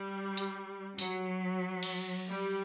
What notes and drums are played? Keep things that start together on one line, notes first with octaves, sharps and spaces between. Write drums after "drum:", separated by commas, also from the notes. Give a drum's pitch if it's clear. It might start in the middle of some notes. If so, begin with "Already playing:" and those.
Already playing: G3
drum: hi-hat
F#3, drum: open hi-hat
drum: cymbal
G3